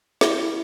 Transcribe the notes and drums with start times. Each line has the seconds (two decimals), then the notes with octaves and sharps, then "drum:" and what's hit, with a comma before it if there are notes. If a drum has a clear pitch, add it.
0.21 E4, drum: snare